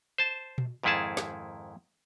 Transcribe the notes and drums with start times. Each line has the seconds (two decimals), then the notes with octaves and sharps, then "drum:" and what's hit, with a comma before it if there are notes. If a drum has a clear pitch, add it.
0.18 C5 A5
0.58 drum: tom A#2
0.83 F2 G#2 D#3 E4 G#4 A5
1.17 drum: snare